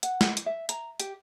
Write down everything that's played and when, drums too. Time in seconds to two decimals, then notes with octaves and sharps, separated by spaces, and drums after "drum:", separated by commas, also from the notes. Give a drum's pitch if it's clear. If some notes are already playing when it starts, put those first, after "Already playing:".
0.03 F#5, drum: hi-hat
0.21 drum: snare
0.37 drum: hi-hat
0.46 E5
0.69 A#5, drum: hi-hat
1.00 G4, drum: hi-hat